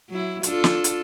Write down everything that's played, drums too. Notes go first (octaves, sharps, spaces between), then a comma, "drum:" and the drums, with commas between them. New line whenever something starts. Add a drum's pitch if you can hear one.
F#3 E4
D4 F4 A4, drum: hi-hat
drum: snare
drum: hi-hat